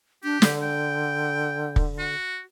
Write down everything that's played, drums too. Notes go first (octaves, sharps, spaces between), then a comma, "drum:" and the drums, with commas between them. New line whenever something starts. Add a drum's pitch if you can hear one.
D4 G4
D3, drum: snare
G5
drum: kick
F#4